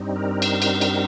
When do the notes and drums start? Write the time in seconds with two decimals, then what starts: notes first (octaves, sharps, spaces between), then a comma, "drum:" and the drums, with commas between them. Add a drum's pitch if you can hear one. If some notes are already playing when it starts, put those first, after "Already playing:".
Already playing: G2 G3 C4 D#4
0.16 A#4
0.42 drum: cymbal
0.62 drum: cymbal
0.81 drum: cymbal